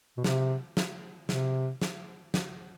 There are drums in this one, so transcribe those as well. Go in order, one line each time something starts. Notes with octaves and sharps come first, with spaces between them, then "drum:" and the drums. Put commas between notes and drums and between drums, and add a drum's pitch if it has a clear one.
B2
C3, drum: snare
drum: snare
C3, drum: snare
drum: snare
drum: snare